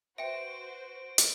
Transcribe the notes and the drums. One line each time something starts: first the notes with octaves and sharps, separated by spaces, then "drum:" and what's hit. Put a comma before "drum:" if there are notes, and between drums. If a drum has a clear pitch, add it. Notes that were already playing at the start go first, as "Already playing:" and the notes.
F#4 B4 C5 E5 G5 D7
drum: hi-hat